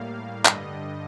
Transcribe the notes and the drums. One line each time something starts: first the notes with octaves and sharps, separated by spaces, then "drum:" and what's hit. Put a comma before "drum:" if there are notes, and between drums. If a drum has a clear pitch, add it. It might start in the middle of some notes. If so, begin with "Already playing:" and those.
Already playing: A2 G3 A#3 F5
G2 D3 G3 D#5, drum: clap